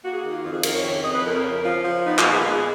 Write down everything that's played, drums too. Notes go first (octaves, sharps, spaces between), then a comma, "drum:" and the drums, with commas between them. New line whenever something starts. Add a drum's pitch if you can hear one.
A#3 F#4
G#4
D#3 F#4
F4
F2 F4
G#4
D#3 A#4, drum: cymbal
C#5
C#3 C#5
F2 D#5
B4
F2 A#4
C#3
F3 F4
F3
B3 D#4
F4, drum: clap
A#2
G#4
G#3 G#4